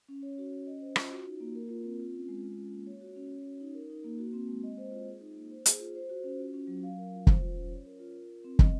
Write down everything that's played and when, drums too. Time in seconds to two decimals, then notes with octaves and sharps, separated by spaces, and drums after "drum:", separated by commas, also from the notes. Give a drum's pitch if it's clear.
0.09 C#4
0.23 C#5
0.38 F#4
0.53 C#4
0.67 D#5
0.81 C5
0.96 F4, drum: rim click
1.11 F#4
1.26 D#4
1.40 A#3
1.55 A#4
1.69 F4
1.84 C4
1.99 F4
2.14 C#4
2.28 G#3
2.43 F4
2.58 C#4
2.72 A#3
2.87 C#5
3.01 F#4
3.16 C#4
3.31 C#5
3.46 F#4
3.60 D#4
3.74 A#4
3.90 D#4
4.04 A#3
4.19 F#4
4.33 C4
4.48 G#3
4.63 D#5
4.78 C5
4.92 F4
5.07 G#4
5.21 D#4
5.36 A#3
5.51 C5
5.66 G#4, drum: hi-hat
5.80 F4
5.95 C5
6.09 F#4
6.24 C#4
6.39 F4
6.54 C#4
6.67 F#3
6.83 F5
6.98 A#4
7.13 F4
7.27 C5, drum: kick
7.41 F4
7.56 C#4
7.71 C#5
7.86 A#4
7.99 F4
8.15 A#4
8.30 F4
8.44 C4
8.59 D#5, drum: kick